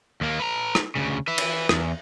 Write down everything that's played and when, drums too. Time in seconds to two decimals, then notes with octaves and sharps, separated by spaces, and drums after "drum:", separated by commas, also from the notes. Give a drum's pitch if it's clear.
0.21 D#2 A#3
0.39 B4 A#5
0.75 drum: rim click
0.96 D2 C#3
1.28 B4 E5
1.38 drum: cymbal
1.69 E2, drum: rim click